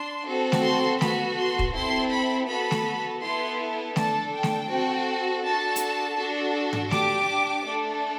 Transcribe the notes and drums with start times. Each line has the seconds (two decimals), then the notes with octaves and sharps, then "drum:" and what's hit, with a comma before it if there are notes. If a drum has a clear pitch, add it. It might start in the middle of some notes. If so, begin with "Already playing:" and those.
Already playing: D4 C6
0.28 C4 F#4 A4
0.52 drum: snare A3
0.65 C6
1.01 B3 F#4 A4 B5, drum: snare A3
1.38 C6
1.59 drum: kick
1.74 C4 E4 A4 C6
2.12 B5
2.49 B3 F#4 A4 B5
2.71 drum: snare A3
3.22 B3 E4 A4 C6
3.96 D4 A4 A5, drum: snare A3
4.34 G5
4.43 drum: snare A3
4.70 C4 F#4 A4
5.44 D4 F#4 A4 A5
5.76 drum: hi-hat
6.17 D4 F#4 A4
6.73 drum: tom G#2
6.91 D4 G4 D6, drum: snare A3
7.65 A3 D4 A4